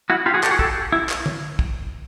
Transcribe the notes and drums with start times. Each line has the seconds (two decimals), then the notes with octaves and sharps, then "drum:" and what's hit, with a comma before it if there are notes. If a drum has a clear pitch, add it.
0.10 E4 F#4
0.26 F4 G4
0.34 F#4 G#4
0.43 G4 A4, drum: clap
0.51 F#4 G#4
0.59 G4 A4, drum: kick
0.92 E4
1.09 drum: clap
1.26 drum: tom
1.59 drum: kick